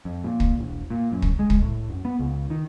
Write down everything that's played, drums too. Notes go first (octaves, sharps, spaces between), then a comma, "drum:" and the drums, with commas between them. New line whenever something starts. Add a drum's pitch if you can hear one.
F2
A#2
drum: kick
E1
A#2
F#2
drum: kick
G#3
drum: kick
A2
F#2
B3
C#2
D#3